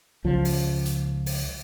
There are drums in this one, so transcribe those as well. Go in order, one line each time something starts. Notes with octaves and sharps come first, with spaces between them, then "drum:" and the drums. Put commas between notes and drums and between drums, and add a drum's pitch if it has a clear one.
C#2 F3
drum: open hi-hat
drum: hi-hat
drum: open hi-hat